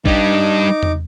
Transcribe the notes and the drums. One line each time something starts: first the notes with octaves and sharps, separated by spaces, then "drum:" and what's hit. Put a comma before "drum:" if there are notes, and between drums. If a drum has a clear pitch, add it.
G3 D4 D#4 D6, drum: kick
drum: tom E2